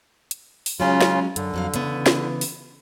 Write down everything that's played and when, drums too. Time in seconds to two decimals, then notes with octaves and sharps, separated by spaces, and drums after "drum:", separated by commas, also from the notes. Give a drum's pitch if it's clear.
0.31 drum: hi-hat
0.66 drum: open hi-hat
0.80 C#3 F#3 G#3 C#4 F4
1.01 drum: snare
1.36 F#2 D3, drum: hi-hat
1.54 F2 F#3 F5
1.74 C#3 E3 B3, drum: hi-hat
2.06 drum: snare
2.41 drum: open hi-hat